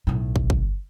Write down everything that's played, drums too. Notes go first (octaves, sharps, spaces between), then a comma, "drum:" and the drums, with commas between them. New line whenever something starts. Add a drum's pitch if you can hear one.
B1 A2
drum: kick
drum: kick